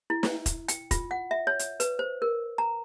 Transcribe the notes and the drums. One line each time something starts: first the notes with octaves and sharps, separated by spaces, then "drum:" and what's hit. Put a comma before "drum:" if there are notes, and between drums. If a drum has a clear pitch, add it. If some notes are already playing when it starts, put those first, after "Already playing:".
E4
drum: snare
drum: kick E1, hi-hat
G5, drum: hi-hat
F4, drum: kick E1, hi-hat
F#5
E5
C#5
drum: hi-hat
B4, drum: hi-hat
C5
A#4
A#5